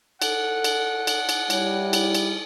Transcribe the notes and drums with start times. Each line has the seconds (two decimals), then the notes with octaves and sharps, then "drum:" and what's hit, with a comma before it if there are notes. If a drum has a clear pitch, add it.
0.22 A4 F#5, drum: cymbal
0.64 drum: cymbal
1.07 drum: cymbal
1.29 drum: cymbal
1.50 G3 E4 C#5, drum: cymbal
1.93 drum: cymbal
2.14 drum: cymbal